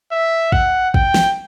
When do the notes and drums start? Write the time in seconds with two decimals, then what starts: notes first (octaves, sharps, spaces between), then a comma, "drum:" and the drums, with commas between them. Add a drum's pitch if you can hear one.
0.12 E5
0.52 F#5, drum: kick
0.94 G5, drum: kick
1.14 drum: snare